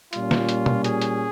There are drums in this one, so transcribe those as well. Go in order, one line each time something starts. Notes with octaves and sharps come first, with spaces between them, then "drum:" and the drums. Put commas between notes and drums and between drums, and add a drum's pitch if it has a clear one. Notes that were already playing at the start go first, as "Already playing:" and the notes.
A#2 G3 C#4 F4, drum: hi-hat
drum: snare
drum: hi-hat
drum: tom B2
G#4, drum: hi-hat
drum: hi-hat